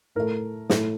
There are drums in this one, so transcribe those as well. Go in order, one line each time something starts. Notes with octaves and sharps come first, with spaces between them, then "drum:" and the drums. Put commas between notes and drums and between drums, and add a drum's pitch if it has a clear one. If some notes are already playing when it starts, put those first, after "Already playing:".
A2 A3 A#4
A2 A3, drum: snare